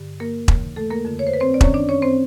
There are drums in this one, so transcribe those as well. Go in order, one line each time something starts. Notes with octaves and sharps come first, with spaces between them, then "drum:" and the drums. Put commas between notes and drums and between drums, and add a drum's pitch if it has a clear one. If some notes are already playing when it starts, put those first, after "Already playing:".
Already playing: G2 D3
A#3 A#4
D#2 C#3 E3, drum: kick E1
A3 A4
A#3 A#4
F2 D3
C#5
C5
B4
C4 C5
D5
F#2 D#3 C#4 C#5, drum: kick E1
D4 D5
C#4 C#5
C4 C5